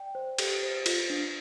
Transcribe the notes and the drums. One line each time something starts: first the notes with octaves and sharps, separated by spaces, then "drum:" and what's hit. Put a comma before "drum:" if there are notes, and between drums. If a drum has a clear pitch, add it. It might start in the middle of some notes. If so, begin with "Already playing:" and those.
Already playing: D5 G5
C5
G4, drum: cymbal
C5
F4, drum: cymbal
D4